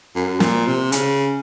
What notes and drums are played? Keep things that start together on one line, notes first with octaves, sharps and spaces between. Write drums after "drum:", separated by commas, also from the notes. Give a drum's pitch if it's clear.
F#2
A#2, drum: snare
C3
C#3, drum: hi-hat